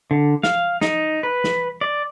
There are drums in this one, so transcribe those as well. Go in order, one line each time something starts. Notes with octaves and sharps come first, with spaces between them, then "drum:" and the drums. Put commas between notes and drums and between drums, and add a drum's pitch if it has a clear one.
D3
F5, drum: snare
D#4, drum: snare
B4
drum: snare
D5